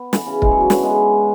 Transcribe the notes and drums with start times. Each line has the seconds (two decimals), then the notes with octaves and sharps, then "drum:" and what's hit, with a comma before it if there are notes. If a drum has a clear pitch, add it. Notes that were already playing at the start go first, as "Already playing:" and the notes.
Already playing: B3
0.13 E3, drum: snare
0.27 C#3
0.42 G#3, drum: kick
0.51 F#3
0.61 E3
0.70 D3, drum: snare
0.83 G#3 B3